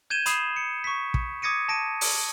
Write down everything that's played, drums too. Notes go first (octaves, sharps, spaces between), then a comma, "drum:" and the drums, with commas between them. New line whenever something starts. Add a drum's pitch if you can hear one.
G6 G#6 D#7 E7 G7
B5 D#6 C7 E7, drum: hi-hat
C#7
C#6 B6
drum: kick
D6 D#6 G#6 A#6 C#7 D#7
A5 A#6 D7 D#7
drum: open hi-hat